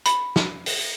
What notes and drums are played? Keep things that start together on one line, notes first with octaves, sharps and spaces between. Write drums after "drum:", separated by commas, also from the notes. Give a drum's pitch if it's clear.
B5, drum: hi-hat
drum: snare
drum: open hi-hat